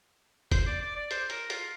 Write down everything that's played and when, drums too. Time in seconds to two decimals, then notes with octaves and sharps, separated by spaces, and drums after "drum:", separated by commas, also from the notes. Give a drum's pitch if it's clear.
0.51 C5, drum: kick, hi-hat
0.66 D5
0.81 D5
0.96 D5
1.11 C5, drum: hi-hat
1.30 A#4, drum: hi-hat
1.50 F4, drum: hi-hat